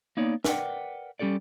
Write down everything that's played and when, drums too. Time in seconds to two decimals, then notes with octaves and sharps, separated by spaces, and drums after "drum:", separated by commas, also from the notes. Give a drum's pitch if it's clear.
0.17 A#3 B3 D#4 C#5 D5
0.44 A#4 B4 D5 D#5 F#5 G5, drum: snare
1.19 G3 C#4 G4 A4 D5